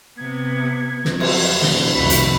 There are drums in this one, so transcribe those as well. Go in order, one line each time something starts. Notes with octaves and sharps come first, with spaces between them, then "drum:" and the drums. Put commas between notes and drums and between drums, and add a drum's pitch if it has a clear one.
C3 B3 G#6
F2 F#3, drum: snare
drum: cymbal
D#1 B2 D#3 G7, drum: snare
C2 F2 F#4 E5 B5
drum: hi-hat